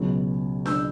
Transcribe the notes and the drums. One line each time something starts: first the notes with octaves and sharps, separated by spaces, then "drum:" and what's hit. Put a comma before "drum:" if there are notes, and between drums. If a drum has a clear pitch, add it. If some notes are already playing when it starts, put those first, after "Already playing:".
Already playing: C#2 B2 F#3 C#4
E6 G6, drum: snare D4